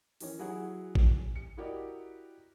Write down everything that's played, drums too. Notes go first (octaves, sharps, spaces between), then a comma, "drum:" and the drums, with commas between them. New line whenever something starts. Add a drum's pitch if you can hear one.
D#3 E3 C#4, drum: open hi-hat
F#3 E4 F#4 G#4 F#5
drum: kick A1
C#7
E4 F#4 G4 A#4 D5 D#5